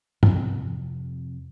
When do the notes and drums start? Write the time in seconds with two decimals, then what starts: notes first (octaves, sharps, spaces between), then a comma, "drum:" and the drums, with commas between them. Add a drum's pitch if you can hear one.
0.23 F2 C3, drum: tom